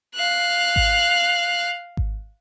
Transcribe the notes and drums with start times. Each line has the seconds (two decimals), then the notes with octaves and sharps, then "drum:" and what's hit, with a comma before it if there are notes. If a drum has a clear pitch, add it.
0.15 F5 F#6
0.76 drum: kick G#1
1.97 drum: kick G#1